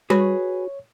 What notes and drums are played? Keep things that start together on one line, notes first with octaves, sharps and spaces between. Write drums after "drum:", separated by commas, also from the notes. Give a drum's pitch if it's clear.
F#4 G#4 B4 C#5, drum: tom G3